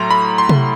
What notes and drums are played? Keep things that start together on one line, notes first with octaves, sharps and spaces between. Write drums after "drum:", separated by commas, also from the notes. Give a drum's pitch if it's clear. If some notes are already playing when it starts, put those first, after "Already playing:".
Already playing: A2 F#3 A3 A#5 C6
B5
C6
drum: tom C3